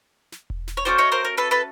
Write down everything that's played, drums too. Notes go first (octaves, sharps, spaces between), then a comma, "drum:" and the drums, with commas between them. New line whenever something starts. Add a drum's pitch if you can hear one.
drum: snare
drum: kick E1
drum: snare
C#5
A3 C#4 F#4 C5 D5
C#5 D#5
A#4 C5
A#4
A4 B4
A4 B4